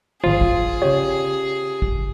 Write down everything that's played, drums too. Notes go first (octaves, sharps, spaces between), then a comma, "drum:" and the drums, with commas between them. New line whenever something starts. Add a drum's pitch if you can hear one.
G#1 F3 F4 G#4
drum: kick
C#3 G4 C#5
drum: kick